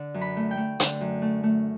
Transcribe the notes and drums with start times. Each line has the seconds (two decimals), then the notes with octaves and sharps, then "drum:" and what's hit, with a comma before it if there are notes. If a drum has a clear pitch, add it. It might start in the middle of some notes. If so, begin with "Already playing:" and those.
Already playing: D3
0.14 F#2
0.21 B5
0.37 A3
0.51 G5
0.57 A3
0.80 D3, drum: hi-hat
1.01 F#2
1.22 A3
1.43 A3